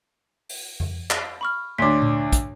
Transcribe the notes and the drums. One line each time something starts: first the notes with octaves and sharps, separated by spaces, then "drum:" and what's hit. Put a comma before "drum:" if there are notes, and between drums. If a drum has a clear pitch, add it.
drum: open hi-hat
drum: tom F2
drum: clap
B5 C#6 F6
D2 D4 C#5 C6 B6
drum: tom A#2
drum: kick, hi-hat